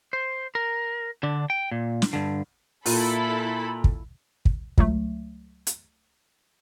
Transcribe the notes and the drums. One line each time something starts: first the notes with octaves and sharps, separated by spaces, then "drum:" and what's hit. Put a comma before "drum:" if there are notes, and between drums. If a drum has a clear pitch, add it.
C5
A#4
D3 D4
G5
A#2
drum: snare
G2 D3
A#2 E4 A4 B5, drum: open hi-hat
drum: kick
drum: kick
C#2 F#3 A3, drum: kick
drum: hi-hat